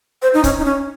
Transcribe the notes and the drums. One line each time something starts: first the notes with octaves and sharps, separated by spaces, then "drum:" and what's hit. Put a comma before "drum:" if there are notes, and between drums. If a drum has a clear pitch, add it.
C5
D#4
C#4, drum: kick, hi-hat
D#4
C#4